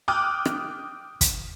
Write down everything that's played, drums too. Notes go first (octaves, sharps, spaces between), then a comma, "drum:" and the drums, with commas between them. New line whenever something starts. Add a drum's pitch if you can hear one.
G5 D6 D#6 F6 F#6
drum: rim click
drum: kick, hi-hat